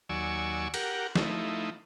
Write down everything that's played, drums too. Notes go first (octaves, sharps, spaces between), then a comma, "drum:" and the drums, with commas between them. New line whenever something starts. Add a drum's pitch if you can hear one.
D#2 F#3 D5 G#5 C#6 E6
G4 A#4 F#5, drum: cymbal
F3 A3 D#4 E4, drum: snare